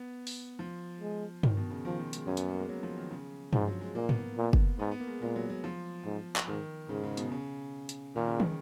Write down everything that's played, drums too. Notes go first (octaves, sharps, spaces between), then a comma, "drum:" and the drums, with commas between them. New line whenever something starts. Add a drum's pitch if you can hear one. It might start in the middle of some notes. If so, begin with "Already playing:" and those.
Already playing: B3
drum: open hi-hat
F3
G#3
D#3, drum: tom G2
B2
C#3
D#3 F3
F3
G#3, drum: hi-hat
F#2 C#4
B3, drum: hi-hat
A#3
G#3
F#3
F3
D#3
C#3
G#2 F3, drum: tom G2
F#3
G#3
A#2 A#3
B3, drum: tom G#2
A#2
drum: kick
G#2 B3
B3
A#3
G#3
A#2 G#3
F#3
F#3
F3
G#2
drum: clap
G#2 D#3
G#2 C#3
C#3
B2, drum: hi-hat
C#3
drum: hi-hat
A#2 D#3
C#3
D#3, drum: tom